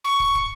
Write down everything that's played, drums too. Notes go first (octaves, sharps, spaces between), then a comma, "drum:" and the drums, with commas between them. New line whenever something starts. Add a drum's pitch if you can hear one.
C#6
drum: kick
drum: kick